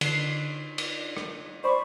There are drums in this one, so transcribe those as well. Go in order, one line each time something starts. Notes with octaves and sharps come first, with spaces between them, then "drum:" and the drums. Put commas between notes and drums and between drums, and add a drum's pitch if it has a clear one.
D3 C7, drum: cymbal
drum: cymbal
drum: rim click
C5 D5 B5 C#6